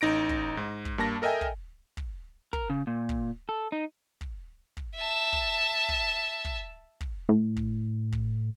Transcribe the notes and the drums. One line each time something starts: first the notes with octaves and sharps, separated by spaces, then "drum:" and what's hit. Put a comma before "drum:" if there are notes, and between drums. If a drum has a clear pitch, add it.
A1 D#4 A#6 D7
drum: kick
G#2
drum: kick
G2 A#3 A5 A#6
A4 A#4 D#5 E5 G5 G#5
drum: kick
drum: kick
A#4, drum: kick
C#3
A#2
drum: kick
A4
D#4
drum: kick
drum: kick
E5 A5
drum: kick
drum: kick
drum: kick
drum: kick
A2
drum: kick
drum: kick